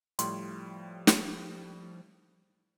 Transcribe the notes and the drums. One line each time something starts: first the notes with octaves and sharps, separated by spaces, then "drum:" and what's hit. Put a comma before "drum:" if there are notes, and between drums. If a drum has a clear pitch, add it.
A2 F3 G3 C6, drum: hi-hat
drum: snare